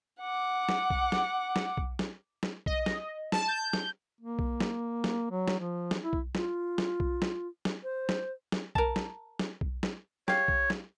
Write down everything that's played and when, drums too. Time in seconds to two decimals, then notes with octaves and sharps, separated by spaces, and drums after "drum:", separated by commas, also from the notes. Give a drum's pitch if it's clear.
0.21 F#5 D6
0.69 drum: snare
0.90 drum: kick B1
1.12 drum: snare
1.56 drum: snare
1.77 drum: kick B1
1.99 drum: snare
2.43 drum: snare
2.66 D#5, drum: kick B1
2.86 drum: snare
3.32 A5, drum: snare
3.48 G6
3.73 drum: snare
4.21 A#3
4.39 drum: kick B1
4.60 drum: snare
5.04 drum: snare
5.31 F#3
5.48 drum: snare
5.59 F3
5.91 drum: snare
6.03 E4
6.13 drum: kick B1
6.35 F4, drum: snare
6.78 drum: snare
7.00 drum: kick B1
7.22 drum: snare
7.65 drum: snare
7.83 C5
8.09 drum: snare
8.52 drum: snare
8.75 A#4 A5, drum: kick B1
8.96 drum: snare
9.39 drum: snare
9.61 drum: kick B1
9.83 drum: snare
10.28 G4 C#5 F5, drum: snare
10.48 drum: kick B1
10.70 drum: snare